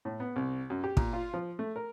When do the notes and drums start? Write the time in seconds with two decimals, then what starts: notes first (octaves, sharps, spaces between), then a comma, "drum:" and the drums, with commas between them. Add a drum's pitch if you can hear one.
0.05 A2
0.20 B3
0.36 C2
0.70 F#2
0.84 G4
0.97 A#2, drum: kick
1.13 F4
1.34 F3
1.59 A3
1.76 A#4